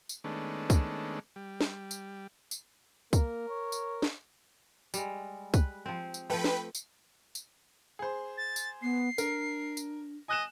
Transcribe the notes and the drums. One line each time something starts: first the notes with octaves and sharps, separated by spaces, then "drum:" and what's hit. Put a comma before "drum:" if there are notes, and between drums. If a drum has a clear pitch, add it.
drum: tambourine
D#3 G#3 A3 B3 C#4 D4
drum: kick, tambourine
G3
drum: snare
drum: tambourine
drum: tambourine
A#3 A#4, drum: kick, tambourine
C#5
drum: tambourine
drum: snare
G3 G#3, drum: tambourine
B4, drum: kick, tambourine
F3 C4
drum: tambourine
F3 A3 B4 G5 B5
drum: snare
drum: tambourine
drum: tambourine
G#4 C5
A6
drum: tambourine
B3 C7
D4 A#4, drum: tambourine
drum: tambourine
D#5 G#5 F#6 E7